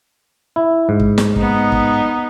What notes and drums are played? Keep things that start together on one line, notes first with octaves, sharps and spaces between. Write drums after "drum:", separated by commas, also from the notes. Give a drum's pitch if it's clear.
E4
G#2
drum: kick
drum: snare
B3 D#4, drum: kick
drum: kick